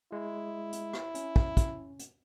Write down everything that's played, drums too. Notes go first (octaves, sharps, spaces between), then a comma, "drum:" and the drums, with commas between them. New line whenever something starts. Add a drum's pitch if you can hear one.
G#3 E4
drum: hi-hat
drum: rim click
C#4, drum: hi-hat
drum: kick
drum: kick, hi-hat
drum: hi-hat